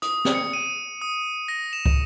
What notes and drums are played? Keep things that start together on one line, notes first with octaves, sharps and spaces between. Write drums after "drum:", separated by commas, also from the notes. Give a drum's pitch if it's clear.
D#6, drum: hi-hat
drum: snare
C#7
D#7
D#6
A#6
E7
drum: kick